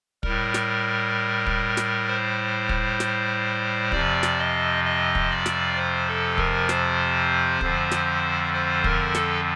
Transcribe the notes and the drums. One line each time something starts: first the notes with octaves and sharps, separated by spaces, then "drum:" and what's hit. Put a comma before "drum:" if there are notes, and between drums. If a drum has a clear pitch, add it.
A2 G3 A#4, drum: kick
drum: snare
drum: kick
drum: snare
C5
drum: kick
drum: snare
F2 C3 F3 D5, drum: kick
drum: snare
D#5
D#5
drum: kick
D5
drum: snare
C5
A4
A#4, drum: kick
C5, drum: snare
F2 D3 F3, drum: kick
drum: snare
C5
A#4, drum: kick
A4, drum: snare